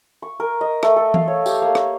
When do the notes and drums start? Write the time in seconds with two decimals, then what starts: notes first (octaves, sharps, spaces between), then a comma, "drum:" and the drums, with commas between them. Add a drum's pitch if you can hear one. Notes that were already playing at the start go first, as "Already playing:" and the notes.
0.22 C#6
0.40 A#4
0.61 D#5
0.83 A3, drum: rim click
0.96 A4
1.14 F5, drum: tom E3
1.28 C#5
1.46 G4, drum: tambourine
1.62 A#3
1.75 C#6, drum: rim click